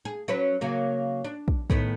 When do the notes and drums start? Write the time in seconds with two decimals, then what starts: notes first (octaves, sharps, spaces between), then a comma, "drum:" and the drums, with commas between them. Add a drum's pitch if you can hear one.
0.05 G#4
0.28 F#3 C#4 B4
0.61 C#3 F#3 A#3
1.25 D4
1.48 drum: kick
1.70 A2 D#3 B3, drum: kick